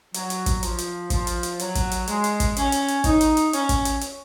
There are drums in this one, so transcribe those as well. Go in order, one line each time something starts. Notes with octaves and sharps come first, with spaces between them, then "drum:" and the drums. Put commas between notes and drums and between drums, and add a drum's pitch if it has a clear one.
F#3, drum: hi-hat
drum: hi-hat
drum: kick, hi-hat
F3, drum: hi-hat
drum: hi-hat
F3, drum: kick, hi-hat
drum: hi-hat
drum: hi-hat
F#3, drum: hi-hat
drum: kick, hi-hat
drum: hi-hat
G#3, drum: hi-hat
drum: hi-hat
drum: kick, hi-hat
C#4, drum: hi-hat
drum: hi-hat
drum: hi-hat
D#4, drum: kick, hi-hat
drum: hi-hat
drum: hi-hat
C#4, drum: hi-hat
drum: kick, hi-hat
drum: hi-hat
drum: hi-hat